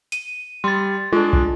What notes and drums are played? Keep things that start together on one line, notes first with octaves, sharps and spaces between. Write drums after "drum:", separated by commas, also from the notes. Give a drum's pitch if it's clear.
D#7, drum: hi-hat
G3 C6 A6
G#3 D4 F4
drum: kick